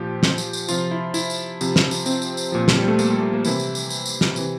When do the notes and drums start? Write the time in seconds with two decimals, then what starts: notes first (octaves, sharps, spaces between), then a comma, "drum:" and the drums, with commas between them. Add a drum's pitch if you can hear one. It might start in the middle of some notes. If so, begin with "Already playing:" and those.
Already playing: A#2 F3 G4
0.23 drum: snare
0.38 drum: tambourine
0.53 drum: tambourine
0.69 C3 F3 F4, drum: tambourine
0.91 E4
1.14 E4, drum: tambourine
1.30 drum: tambourine
1.61 C3 F3, drum: tambourine
1.76 drum: snare
1.91 drum: tambourine
2.06 C4, drum: tambourine
2.22 drum: tambourine
2.37 drum: tambourine
2.52 A#2 F3
2.68 drum: snare
2.78 G3
2.88 A3
2.99 A#3, drum: tambourine
3.10 G3
3.21 A3
3.33 A#3
3.45 C3 E3 E4, drum: tambourine
3.60 drum: tambourine
3.75 drum: tambourine
3.90 drum: tambourine
4.06 drum: tambourine
4.21 drum: snare
4.36 C3 E3, drum: tambourine